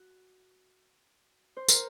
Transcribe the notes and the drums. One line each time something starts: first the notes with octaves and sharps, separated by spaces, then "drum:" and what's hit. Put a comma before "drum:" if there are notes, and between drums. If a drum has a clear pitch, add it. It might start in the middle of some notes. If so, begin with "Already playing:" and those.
Already playing: F#4
C5
A#4, drum: tambourine